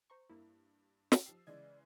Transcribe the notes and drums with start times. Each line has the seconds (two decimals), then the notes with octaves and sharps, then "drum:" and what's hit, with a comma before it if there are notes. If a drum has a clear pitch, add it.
0.10 C5 A#5 C#6
0.30 G2 A#3 E4
1.12 drum: snare
1.26 F3 G4 E6 C7
1.47 C#3 E3 G#3 D5 D#5 G#6